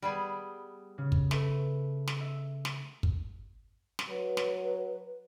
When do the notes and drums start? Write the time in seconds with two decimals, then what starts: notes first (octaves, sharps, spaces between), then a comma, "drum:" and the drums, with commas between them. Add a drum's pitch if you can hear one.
0.02 G3 B3 G#4
0.98 C#3
1.12 drum: kick
1.31 A3 B4, drum: snare
2.07 drum: snare
2.20 E5
2.65 drum: snare
3.03 drum: kick
3.99 drum: snare
4.09 F#3 B4
4.37 drum: snare